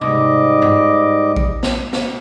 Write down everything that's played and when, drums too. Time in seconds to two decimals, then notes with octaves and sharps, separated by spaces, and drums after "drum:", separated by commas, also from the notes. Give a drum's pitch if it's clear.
0.01 G#2 G3 D#5 D6, drum: tom C3
0.62 drum: tom G2
1.36 drum: kick A1
1.63 drum: snare
1.93 drum: snare